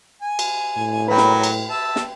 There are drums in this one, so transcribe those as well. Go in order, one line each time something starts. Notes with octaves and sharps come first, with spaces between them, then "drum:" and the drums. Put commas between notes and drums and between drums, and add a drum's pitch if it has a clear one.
G#5
drum: cymbal
A2
F#3 A#4 B4 G5
drum: snare
drum: cymbal
E5 A5
drum: snare